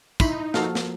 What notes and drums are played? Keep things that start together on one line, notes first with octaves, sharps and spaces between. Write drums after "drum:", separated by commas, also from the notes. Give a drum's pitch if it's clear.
D#4 E4 B5 C6, drum: kick, tambourine
F3 A#3 F#4 A4 F5, drum: snare
drum: snare